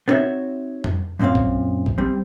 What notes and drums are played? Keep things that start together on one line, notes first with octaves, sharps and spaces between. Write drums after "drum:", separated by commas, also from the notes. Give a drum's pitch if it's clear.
B3 C4 D#4 F#4 C#5 E5
drum: tom F2
F#2 A#2 D#3 C4 F5
drum: kick A#1
drum: kick A#1
G3 C4